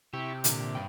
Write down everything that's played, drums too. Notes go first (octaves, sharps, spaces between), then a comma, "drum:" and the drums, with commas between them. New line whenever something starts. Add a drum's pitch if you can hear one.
C3 E4 G4 C#6
A#2 D3, drum: hi-hat
G2 G5